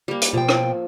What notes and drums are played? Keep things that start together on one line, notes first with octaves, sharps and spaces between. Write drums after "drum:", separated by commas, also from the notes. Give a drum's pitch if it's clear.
G3 A#3
drum: hi-hat
B2 F3 G5
drum: rim click